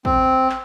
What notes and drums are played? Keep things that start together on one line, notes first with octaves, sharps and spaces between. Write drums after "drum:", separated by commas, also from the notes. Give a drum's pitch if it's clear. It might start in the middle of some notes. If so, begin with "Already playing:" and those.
C4, drum: kick
drum: clap